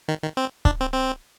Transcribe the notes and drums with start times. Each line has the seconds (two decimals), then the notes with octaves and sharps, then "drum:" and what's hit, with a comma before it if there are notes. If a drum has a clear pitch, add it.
0.08 D#3
0.23 D#3
0.37 C4
0.65 D4, drum: kick C#1
0.81 C4
0.94 C4